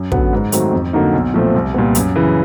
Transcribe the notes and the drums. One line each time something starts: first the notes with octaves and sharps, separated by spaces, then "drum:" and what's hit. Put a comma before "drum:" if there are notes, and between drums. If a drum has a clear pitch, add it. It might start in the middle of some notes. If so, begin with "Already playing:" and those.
Already playing: F#2
D3 F#3 B3, drum: kick
G#2
D#3 F#3 A3 C4, drum: hi-hat
F2
D3 F#3 A#3 D#4
B1
A#2 F3 A3 C4
C2
A#2 G3 B3
F#2, drum: hi-hat
C#3 E3